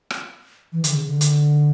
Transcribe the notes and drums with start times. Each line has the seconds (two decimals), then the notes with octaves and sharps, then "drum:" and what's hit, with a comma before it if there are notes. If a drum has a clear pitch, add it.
0.10 drum: rim click
0.72 E3
0.84 D3, drum: hi-hat
0.95 C#3
1.05 D3
1.21 drum: hi-hat